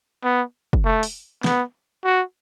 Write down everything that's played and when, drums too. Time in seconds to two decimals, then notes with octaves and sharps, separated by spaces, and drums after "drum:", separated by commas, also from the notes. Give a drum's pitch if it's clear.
0.24 B3
0.73 drum: kick
0.85 A3
1.03 drum: open hi-hat
1.44 B3, drum: snare
2.05 F#4